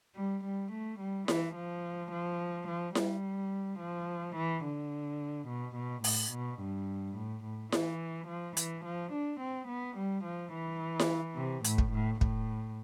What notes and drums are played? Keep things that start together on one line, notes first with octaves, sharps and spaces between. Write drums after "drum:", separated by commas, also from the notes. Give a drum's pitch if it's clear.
G3
G3
A3
G3
E3, drum: snare E4
F3
F3
F3
G3, drum: snare E4
F3
E3
D3
B2
B2
A2, drum: open hi-hat
B2
G2
A2
A2
E3, drum: snare E4
F3
E3, drum: hi-hat
F3
D4
C4
B3
G3
F3
E3
drum: snare E4
C3
A2, drum: hi-hat
drum: kick
A2
A2, drum: kick